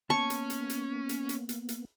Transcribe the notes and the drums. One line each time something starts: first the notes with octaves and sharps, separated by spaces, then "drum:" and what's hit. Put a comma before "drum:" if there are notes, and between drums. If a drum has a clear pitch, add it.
A#3 B3 C#4 A5 C#6
drum: hi-hat
drum: hi-hat
drum: hi-hat
drum: hi-hat
drum: hi-hat
drum: hi-hat
drum: hi-hat